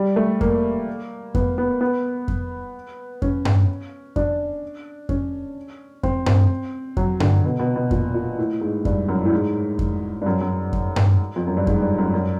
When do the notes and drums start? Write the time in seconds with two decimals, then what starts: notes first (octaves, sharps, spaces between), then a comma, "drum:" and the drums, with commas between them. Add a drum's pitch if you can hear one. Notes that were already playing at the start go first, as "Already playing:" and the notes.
Already playing: G3
0.16 A3
0.41 A#3, drum: kick F2
1.35 B3, drum: kick F2
1.58 B3
1.81 B3
2.28 drum: kick F2
3.22 C#4, drum: kick F2
3.45 drum: tom G2
4.16 D4, drum: kick F2
5.09 C#4, drum: kick F2
6.03 C4, drum: kick F2
6.26 C4, drum: tom G2
6.97 F#3, drum: kick F2
7.20 D3, drum: tom G2
7.45 B2
7.59 B2
7.76 B2
7.91 A#2, drum: kick F2
8.14 A#2
8.38 A2
8.61 G#2
8.85 G2, drum: kick F2
9.09 F#2
9.25 A2
9.33 G#2
9.79 drum: kick F2
10.21 G2
10.26 F#2
10.41 F#2
10.73 drum: kick F2
10.96 drum: tom G2
11.36 F2
11.47 F#2
11.57 G2
11.67 G#2, drum: kick F2
11.82 G2
11.98 F#2
12.14 F#2